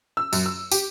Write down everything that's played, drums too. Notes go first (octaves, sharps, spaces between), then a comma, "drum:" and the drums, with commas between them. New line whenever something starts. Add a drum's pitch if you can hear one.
E6
F#2, drum: tambourine
E6
G4, drum: tambourine